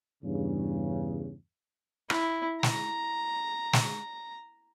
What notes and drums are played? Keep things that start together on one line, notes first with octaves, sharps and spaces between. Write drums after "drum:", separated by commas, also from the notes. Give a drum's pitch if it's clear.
E2 G2 C#3
E4, drum: rim click
A#5, drum: snare
drum: snare